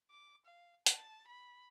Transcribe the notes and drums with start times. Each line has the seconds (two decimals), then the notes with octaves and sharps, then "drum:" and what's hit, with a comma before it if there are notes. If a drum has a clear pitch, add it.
0.11 D6
0.46 F5
0.86 A5, drum: hi-hat
1.27 B5